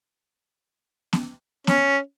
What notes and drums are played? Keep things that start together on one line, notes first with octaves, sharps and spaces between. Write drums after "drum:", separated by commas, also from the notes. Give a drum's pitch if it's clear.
drum: snare B3
C#4, drum: snare B3